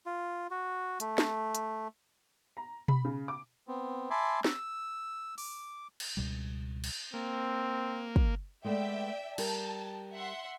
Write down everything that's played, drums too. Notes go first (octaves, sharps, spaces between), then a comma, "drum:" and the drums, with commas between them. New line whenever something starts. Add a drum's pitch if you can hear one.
F4
F#4
A3, drum: hi-hat
drum: snare
drum: hi-hat
A#5
B5, drum: tom B2
C#3
D6
B3 C4
E5 G#5 A5 B5 C6 D6
E6, drum: snare
D6, drum: open hi-hat
drum: cymbal
C#2 B2 G3
drum: cymbal
A#3 C4
drum: kick
G#3 A3 B3 D5 E5 G5
G3 G4 A#4 A5, drum: cymbal
E5 F#5 C6